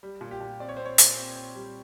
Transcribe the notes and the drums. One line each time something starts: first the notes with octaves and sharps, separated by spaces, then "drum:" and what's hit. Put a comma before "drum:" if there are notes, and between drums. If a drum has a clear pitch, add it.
G3
A#2
G4
A#2
C4 D5
C#5
C4 C5
C#5
A#2, drum: hi-hat
C4
C4
G3